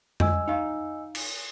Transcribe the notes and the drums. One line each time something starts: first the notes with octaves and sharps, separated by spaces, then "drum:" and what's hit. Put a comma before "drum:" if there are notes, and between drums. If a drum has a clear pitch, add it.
D#5 G#5 E6, drum: tom F2
D#4 F5
drum: cymbal